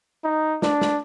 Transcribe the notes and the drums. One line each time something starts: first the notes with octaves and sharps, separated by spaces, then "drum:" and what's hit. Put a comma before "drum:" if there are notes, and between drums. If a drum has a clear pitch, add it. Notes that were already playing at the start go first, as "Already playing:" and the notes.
D#4
D4, drum: snare
drum: snare